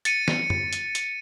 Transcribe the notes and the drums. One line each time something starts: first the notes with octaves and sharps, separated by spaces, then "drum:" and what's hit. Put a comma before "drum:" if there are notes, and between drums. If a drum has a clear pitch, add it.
A6 C#7 D#7, drum: hi-hat
drum: snare
drum: tom
drum: hi-hat
drum: hi-hat